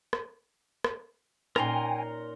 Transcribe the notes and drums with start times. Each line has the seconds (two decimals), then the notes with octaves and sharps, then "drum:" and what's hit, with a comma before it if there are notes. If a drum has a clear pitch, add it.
0.13 drum: rim click
0.84 drum: rim click
1.56 A#2 C#4 D#4 A#4 G5 G#5 A#5 C6, drum: rim click